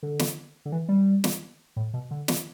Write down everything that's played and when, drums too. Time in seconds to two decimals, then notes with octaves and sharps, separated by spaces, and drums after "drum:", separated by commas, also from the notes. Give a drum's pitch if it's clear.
0.03 D3
0.19 drum: snare
0.65 D3
0.72 E3
0.89 G3
1.24 drum: snare
1.76 A2
1.94 B2
2.11 D3
2.28 drum: snare